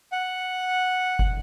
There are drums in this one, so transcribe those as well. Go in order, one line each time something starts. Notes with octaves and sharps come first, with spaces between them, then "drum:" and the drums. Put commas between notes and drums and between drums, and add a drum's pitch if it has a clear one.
F#5
drum: kick G1